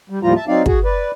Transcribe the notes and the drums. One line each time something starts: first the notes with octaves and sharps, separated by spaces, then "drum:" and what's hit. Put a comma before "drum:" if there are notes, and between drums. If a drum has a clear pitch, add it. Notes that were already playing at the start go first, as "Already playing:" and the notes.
G3
D#2 A2 F3 G3 F4 A#5
E5 A5
F#3 C4 D#4 D5 F5
F#4 G#4, drum: kick
B4 D5